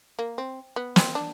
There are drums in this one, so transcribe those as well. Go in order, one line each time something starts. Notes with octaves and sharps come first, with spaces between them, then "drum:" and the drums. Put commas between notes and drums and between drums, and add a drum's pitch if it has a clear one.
A#3
C4
B3
C4, drum: snare
D4